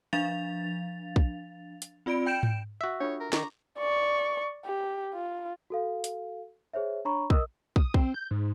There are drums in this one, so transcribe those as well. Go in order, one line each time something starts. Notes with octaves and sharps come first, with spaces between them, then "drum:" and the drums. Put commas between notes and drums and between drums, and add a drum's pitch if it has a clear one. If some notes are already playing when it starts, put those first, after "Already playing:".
F3 D4 F5 A6 F7
drum: kick
drum: hi-hat
C4 F4 D5 B5 D7
G5 G6 D7 E7
drum: tom G#2
F#4 E5
D4 F4 A4 C#5
A#4
D#3 A#5 C#6 D6, drum: snare
D5 C#6
G4
F4
F#4 A4 F5
drum: hi-hat
G#4 C5 C#5 E5
D4 C#5 A#5 B5 C#6
A#4 D#5 D#6 E6, drum: kick
D#6, drum: kick
C4, drum: kick
G6
G#2